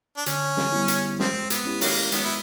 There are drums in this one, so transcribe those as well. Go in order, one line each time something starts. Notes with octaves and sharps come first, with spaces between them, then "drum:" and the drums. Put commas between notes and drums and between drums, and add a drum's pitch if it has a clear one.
D4
D3 C#4, drum: hi-hat
drum: snare
G3 B3 E4
drum: hi-hat
D#3 F3 G#3 C4, drum: snare
B3, drum: hi-hat
C#4 E4 G4
D#3 F#3 A#3, drum: open hi-hat
D#3 F#3 G#3 B3, drum: hi-hat
E4